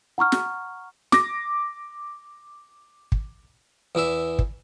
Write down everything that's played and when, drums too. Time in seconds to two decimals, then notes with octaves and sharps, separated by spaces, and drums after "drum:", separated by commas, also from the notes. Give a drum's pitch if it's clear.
0.18 F#5 A#5 C#6 F6
0.32 drum: snare
1.12 D6 A#6, drum: snare
3.12 drum: kick
3.95 E2 E3 D5 E5
4.39 drum: kick